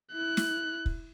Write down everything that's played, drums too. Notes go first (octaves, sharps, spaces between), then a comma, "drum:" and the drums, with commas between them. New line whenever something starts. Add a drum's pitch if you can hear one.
E4 F#6
drum: snare
drum: kick